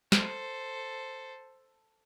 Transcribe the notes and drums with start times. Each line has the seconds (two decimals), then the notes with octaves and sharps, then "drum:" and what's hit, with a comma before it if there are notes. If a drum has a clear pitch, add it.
0.12 A4 C5, drum: snare